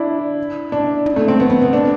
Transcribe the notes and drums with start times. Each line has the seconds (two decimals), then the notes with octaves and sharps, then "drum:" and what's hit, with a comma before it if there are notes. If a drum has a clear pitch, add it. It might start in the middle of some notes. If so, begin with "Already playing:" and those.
Already playing: D4 E4
0.72 D4
1.06 drum: tom
1.16 A3
1.28 C4
1.40 B3
1.50 B3
1.62 B3
1.73 D4